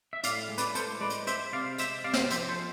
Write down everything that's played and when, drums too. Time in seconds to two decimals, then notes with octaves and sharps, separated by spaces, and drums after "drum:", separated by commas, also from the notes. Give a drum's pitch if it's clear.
0.13 E5
0.24 A2 D5 F5, drum: hi-hat
0.49 G#3
0.58 B4 D5, drum: hi-hat
0.75 A2 A4 C5, drum: hi-hat
1.01 G#3 B4 D5
1.10 drum: hi-hat
1.27 G#3 C5 E5, drum: hi-hat
1.53 C3 D5 F5
1.78 G#3 C5 E5, drum: hi-hat
2.04 C3 D5 F5
2.13 drum: snare
2.30 F3 C5 E5, drum: hi-hat
2.48 A4 C5
2.57 G#3